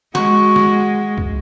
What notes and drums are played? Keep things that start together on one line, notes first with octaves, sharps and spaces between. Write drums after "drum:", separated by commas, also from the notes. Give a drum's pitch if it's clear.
G#3 F#4 C#6, drum: snare
drum: snare
drum: kick